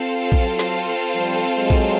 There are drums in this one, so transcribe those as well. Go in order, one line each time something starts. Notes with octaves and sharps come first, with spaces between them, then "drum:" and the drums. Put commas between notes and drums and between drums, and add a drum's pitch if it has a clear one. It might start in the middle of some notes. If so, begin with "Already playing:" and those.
Already playing: C4 F4 A4 C5 F5
F#3, drum: kick A#1
drum: snare
F3 G3
F#3 G#3
drum: kick A#1